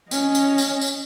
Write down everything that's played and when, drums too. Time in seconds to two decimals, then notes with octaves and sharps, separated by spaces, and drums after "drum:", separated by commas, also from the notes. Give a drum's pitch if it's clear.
0.11 C#4 D#5, drum: tambourine
0.35 drum: tambourine
0.58 drum: tambourine
0.81 drum: tambourine